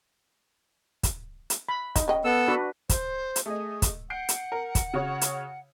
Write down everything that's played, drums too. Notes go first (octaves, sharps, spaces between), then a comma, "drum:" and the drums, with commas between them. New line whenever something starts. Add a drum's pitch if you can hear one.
drum: kick, hi-hat
drum: hi-hat
B5
D#4, drum: kick, hi-hat
C#3 D#5 G5
B3 A4 E6
D4 F#4 B4
C5, drum: kick, hi-hat
drum: hi-hat
A3 G#4 D#5
drum: kick, hi-hat
F#5 G6 C7 D7
drum: hi-hat
A#4
drum: kick, hi-hat
C#3 F#4 C#5
drum: hi-hat